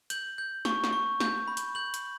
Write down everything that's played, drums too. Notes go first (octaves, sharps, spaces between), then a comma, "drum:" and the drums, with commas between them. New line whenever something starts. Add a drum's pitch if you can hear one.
G6 F#7, drum: hi-hat
G6
C#6, drum: snare
drum: snare
C#6
G6, drum: snare
B5
drum: hi-hat
G6 F#7
drum: hi-hat